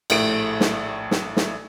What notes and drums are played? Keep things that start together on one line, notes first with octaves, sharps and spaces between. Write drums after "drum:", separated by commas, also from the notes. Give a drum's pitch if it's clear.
A#1 A2 A3 D7, drum: cymbal
drum: snare
drum: snare
drum: snare